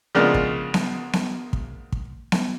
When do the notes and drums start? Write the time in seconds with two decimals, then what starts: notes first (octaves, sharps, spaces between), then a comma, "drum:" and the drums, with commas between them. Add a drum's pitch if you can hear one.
0.15 C#3 F3 G#3 A#3 B3 D4
0.34 drum: kick
0.74 drum: snare B3
1.13 drum: snare B3
1.53 drum: kick
1.92 drum: kick
2.32 drum: snare B3